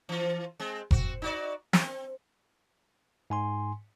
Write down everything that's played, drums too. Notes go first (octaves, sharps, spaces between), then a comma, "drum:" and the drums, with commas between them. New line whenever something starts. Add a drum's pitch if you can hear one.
E3 F4
G#3 C4
C4 F#4, drum: kick F1
D#4 F#4 D5
C4, drum: snare
G#2 G#5 C6